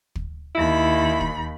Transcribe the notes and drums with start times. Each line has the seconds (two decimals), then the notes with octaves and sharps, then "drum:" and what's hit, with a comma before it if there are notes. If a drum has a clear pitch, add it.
0.15 drum: kick
0.55 D#2 E4 B5
1.21 drum: kick